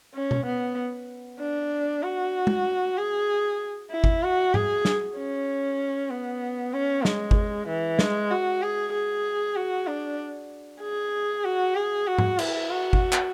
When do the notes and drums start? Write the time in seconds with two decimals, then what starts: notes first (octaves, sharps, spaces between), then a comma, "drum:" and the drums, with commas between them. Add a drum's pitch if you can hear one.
0.14 C#4
0.31 drum: tom
0.46 B3
1.40 D4
2.03 F#4
2.47 drum: tom G#3
2.97 G#4
3.91 E4
4.04 drum: kick G1
4.23 F#4
4.54 G#4, drum: tom G#2
4.85 drum: snare
5.17 C#4
6.10 B3
6.73 C#4
7.05 G#3, drum: snare
7.31 drum: kick G1
7.68 E3
7.99 G#3, drum: snare
8.30 F#4
8.62 G#4
8.93 G#4
9.56 F#4
9.87 D4
10.82 G#4
11.44 F#4
11.76 G#4
12.07 F#4
12.18 drum: tom G#2
12.39 E4, drum: cymbal
12.70 F#4
12.93 drum: kick G1
13.12 drum: clap